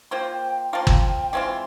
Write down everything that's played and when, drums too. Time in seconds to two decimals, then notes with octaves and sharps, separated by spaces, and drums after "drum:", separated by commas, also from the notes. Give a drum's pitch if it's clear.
0.11 A#3 F4 C5 G5
0.32 G5
0.53 G5
0.73 F3 A#3 F4
0.87 drum: kick G1
1.33 E3 G#3 C4 F4